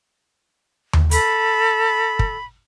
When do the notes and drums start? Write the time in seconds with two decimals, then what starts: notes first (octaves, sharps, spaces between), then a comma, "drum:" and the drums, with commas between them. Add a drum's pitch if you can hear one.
0.93 drum: tom D#2
1.11 A4 B5, drum: hi-hat
2.19 drum: kick